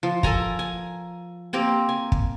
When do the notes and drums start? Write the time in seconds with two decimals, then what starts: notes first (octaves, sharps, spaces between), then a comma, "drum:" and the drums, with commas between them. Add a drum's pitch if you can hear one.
0.03 F3
0.23 A4 A#4 G#5 A#5, drum: kick
0.59 G#5
1.53 A#3 C4 G4 A#4
1.89 G#5
2.12 drum: kick